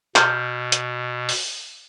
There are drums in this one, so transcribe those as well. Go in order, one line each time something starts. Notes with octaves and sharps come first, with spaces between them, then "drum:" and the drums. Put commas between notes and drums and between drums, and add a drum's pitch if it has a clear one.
B2 F6 G6, drum: clap
drum: hi-hat
drum: open hi-hat